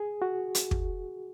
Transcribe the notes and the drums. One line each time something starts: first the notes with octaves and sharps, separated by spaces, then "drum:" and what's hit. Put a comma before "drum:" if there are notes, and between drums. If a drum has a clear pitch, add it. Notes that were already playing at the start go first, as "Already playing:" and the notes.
Already playing: G#4
F#4
drum: hi-hat
drum: kick